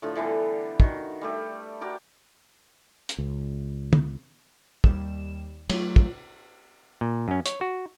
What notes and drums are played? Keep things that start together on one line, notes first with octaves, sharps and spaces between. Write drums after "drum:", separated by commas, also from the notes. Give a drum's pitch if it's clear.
A2 D3 F3
D3 E3 G3 B3
D#3 F#4, drum: kick
G3 A3 G4
F#4 G4 A#4 D5
drum: hi-hat
C#2
drum: tom
D#2 G3 E7, drum: kick
F#3 A3 F4 C#5, drum: cymbal
drum: kick
A#2
F#2 C#4
C#5, drum: hi-hat
F#4